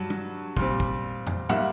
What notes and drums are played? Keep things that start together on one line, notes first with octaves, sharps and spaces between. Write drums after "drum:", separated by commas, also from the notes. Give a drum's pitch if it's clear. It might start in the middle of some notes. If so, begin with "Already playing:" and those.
Already playing: G2 F#3
drum: tom G3
A#2 G3 C4, drum: kick
drum: kick
drum: tom
A#2 G3 A#3 E5 F#5, drum: tom